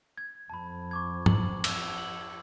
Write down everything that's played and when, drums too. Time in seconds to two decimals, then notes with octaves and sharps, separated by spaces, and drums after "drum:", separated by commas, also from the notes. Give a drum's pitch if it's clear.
0.18 G#6
0.50 F2 A5 B5
0.91 C#6 D6 G#6
1.26 F#7, drum: tom
1.64 E6, drum: cymbal
1.98 F#7